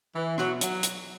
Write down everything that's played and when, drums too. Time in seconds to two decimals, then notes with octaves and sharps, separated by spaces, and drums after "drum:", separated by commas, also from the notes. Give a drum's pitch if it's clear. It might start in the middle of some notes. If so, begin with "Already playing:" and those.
0.16 E3
0.38 B2 F#3, drum: rim click
0.61 F#3, drum: hi-hat
0.83 drum: hi-hat